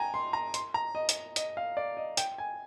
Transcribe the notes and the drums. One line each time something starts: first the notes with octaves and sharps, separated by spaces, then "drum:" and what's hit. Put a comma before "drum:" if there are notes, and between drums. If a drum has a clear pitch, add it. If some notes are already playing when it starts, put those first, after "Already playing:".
Already playing: G5 G#5 A#5
C6
A#5
C6, drum: hi-hat
A#5
D#5
drum: hi-hat
D#5, drum: hi-hat
F5
D5
D#5
G5, drum: hi-hat
G#5